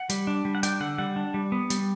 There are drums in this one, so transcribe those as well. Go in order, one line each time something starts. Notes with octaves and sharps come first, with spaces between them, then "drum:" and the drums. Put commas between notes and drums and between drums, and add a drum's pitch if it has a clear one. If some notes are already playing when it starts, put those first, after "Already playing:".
Already playing: F#5
G3, drum: hi-hat
D4
G3
F#5
D4 G5, drum: hi-hat
D3 F#5
G3 F#5
D4
G3
B3
G3, drum: hi-hat